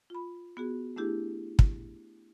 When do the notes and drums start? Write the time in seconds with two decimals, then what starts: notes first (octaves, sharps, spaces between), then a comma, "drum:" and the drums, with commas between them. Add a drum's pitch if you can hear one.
0.10 F4 B5
0.57 B3 F#4 G#4
0.96 A3 D4 E4 G4 G#4
1.59 drum: kick